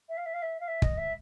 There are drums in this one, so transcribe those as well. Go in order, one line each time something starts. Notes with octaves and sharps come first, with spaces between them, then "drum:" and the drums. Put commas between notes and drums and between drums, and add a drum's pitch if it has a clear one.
E5
F5
E5
F5
E5
F5
E5
D#5, drum: kick
E5